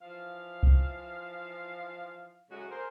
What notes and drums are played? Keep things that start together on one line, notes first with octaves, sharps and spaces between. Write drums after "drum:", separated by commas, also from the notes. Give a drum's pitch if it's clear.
E3 F3 F5
drum: kick C2
F#2 A2 C#3 G#3 F#4
G#4 A#4 C5